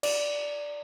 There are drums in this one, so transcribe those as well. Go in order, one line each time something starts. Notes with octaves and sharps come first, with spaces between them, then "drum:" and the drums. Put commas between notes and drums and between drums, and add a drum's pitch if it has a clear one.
D5, drum: cymbal